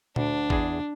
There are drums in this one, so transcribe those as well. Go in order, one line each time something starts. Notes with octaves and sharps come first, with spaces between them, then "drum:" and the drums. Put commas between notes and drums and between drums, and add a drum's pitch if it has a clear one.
D2 D4, drum: tom A#2
E2 G#4, drum: kick